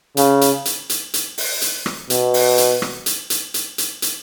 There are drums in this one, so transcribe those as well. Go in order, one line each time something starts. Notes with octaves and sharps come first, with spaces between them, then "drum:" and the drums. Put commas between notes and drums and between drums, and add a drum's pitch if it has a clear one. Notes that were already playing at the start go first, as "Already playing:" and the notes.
C#3, drum: hi-hat
drum: hi-hat
drum: hi-hat
drum: hi-hat
drum: hi-hat
drum: open hi-hat
drum: hi-hat
drum: rim click
B2, drum: hi-hat
drum: open hi-hat
drum: hi-hat
drum: rim click
drum: hi-hat
drum: hi-hat
drum: hi-hat
drum: hi-hat
drum: hi-hat